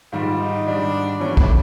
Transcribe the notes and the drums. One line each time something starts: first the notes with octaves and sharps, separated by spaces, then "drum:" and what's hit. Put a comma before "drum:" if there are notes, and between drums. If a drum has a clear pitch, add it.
G#2 D#3 G3 F4
D#4
G#2 D#3 G3 D4
E3 G3 B3 C#4 D4
A3, drum: kick